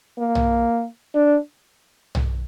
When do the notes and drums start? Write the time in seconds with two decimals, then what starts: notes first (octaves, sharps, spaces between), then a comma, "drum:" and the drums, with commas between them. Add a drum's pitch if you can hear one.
0.19 A#3
0.35 drum: tom B1
1.15 D4
2.15 drum: tom B1